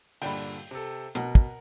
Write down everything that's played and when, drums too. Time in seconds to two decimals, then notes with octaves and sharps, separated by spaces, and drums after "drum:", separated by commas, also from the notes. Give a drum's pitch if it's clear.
0.22 G2 A#2 D3 G5 B5, drum: open hi-hat
0.71 C3 A4
1.15 B2 A#4 F#5, drum: hi-hat
1.35 drum: kick